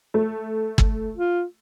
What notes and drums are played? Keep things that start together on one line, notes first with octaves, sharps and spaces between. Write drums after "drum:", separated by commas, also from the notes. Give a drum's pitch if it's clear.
A3
drum: kick
F4